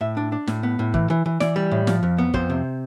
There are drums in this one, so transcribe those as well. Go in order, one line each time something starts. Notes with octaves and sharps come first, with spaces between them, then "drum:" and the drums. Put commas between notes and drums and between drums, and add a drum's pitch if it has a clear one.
A2 E5
D4
D4
A2, drum: snare
B3
A2
E3, drum: kick
E3
E3
E3 D5, drum: snare
G3
A2
F3, drum: snare
F2
B3
F2 C5, drum: kick
C3